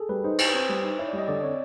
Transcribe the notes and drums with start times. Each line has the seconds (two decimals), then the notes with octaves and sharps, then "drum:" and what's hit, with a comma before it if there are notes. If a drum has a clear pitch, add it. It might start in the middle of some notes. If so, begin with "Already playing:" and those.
Already playing: G#4 A4
0.09 G3 B4
0.24 D#4 C5
0.39 G4 C5, drum: cymbal
0.48 B4
0.54 C4 C5
0.69 G3
0.83 D#4
0.99 E4 C#5
1.08 G3 D5
1.18 D#5
1.28 D3 D5
1.43 C4 C#5